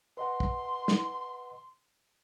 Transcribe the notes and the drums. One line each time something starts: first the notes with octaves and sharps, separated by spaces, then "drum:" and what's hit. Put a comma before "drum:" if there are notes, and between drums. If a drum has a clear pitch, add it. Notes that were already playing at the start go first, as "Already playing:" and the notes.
B4 D#5 F#5 C6
drum: kick
drum: snare